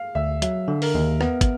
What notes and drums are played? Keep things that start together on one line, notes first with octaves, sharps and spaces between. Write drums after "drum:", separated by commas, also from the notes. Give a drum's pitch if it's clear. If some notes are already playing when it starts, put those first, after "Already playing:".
Already playing: F5
D2 E5
F#3 E5, drum: hi-hat
D3
A#4, drum: open hi-hat
D#2
B3, drum: rim click
drum: kick, hi-hat